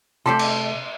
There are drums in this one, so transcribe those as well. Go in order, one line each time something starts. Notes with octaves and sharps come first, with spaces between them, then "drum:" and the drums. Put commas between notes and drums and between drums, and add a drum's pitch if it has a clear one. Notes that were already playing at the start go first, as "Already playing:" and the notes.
C3 G3 A3 G4 A4 C6 C7
drum: cymbal